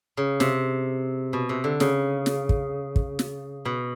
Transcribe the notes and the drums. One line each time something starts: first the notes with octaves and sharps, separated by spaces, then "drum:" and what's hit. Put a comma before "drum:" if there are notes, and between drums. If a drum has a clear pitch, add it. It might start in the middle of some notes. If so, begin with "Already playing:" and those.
C#3
C3, drum: snare
B2
C3
D3
C#3, drum: snare
drum: snare
drum: kick
drum: kick
drum: snare
B2